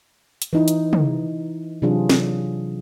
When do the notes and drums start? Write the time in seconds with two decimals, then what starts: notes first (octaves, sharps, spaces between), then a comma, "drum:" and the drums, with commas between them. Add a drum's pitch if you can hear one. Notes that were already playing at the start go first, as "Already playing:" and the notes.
0.42 drum: hi-hat
0.53 E3 D#4 E4
0.68 drum: hi-hat
0.93 drum: tom
1.82 C3 E3 F#3 D4 F4 G#4
2.09 drum: snare